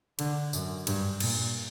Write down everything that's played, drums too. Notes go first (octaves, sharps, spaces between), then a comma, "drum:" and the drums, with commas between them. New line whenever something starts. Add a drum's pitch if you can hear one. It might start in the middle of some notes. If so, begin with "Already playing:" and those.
D3, drum: cymbal
F#2, drum: tambourine
G2, drum: cymbal
A#2, drum: cymbal